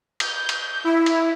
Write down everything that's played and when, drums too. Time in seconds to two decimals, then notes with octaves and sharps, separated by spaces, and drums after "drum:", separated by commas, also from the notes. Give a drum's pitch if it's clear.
0.20 G6, drum: cymbal
0.49 drum: cymbal
0.84 E4
1.06 drum: cymbal